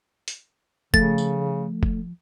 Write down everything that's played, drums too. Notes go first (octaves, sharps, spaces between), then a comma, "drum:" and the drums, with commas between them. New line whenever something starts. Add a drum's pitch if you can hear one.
drum: hi-hat
C#3 F3 A3 A6, drum: kick F1
drum: tambourine
drum: kick F1